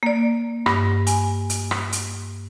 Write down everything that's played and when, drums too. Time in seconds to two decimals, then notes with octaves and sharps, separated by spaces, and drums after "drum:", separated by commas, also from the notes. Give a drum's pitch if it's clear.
0.03 A#3 D5
0.66 G2, drum: rim click
1.07 G#5, drum: hi-hat
1.50 drum: hi-hat
1.71 drum: rim click
1.92 drum: hi-hat